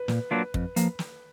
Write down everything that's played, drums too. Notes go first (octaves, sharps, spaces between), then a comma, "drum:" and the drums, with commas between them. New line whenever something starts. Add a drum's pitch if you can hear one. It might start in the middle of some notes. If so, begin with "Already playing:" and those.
Already playing: B4
A#2, drum: snare
F#3 A#3 D4 F4
F2, drum: kick
F3 A#3, drum: hi-hat
drum: snare